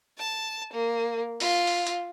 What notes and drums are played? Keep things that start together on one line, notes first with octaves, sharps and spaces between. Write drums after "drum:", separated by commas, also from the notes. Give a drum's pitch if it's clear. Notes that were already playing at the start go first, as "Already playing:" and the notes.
A5
A#3
F4, drum: open hi-hat
drum: open hi-hat
drum: hi-hat